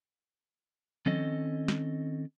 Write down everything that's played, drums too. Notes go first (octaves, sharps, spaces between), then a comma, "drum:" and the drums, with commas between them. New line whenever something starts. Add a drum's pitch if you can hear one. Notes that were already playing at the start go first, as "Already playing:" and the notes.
D#3 C4 C#4 A4 D#5, drum: tom F3
drum: snare